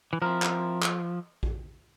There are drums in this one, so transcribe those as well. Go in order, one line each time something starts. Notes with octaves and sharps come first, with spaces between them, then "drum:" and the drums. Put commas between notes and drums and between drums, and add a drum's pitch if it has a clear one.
E3
F3 C4 E4 A#4
drum: clap
drum: clap
drum: kick A#1